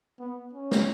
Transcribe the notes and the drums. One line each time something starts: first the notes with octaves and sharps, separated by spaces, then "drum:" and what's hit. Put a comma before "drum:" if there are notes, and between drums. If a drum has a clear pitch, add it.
B3
C#4
drum: snare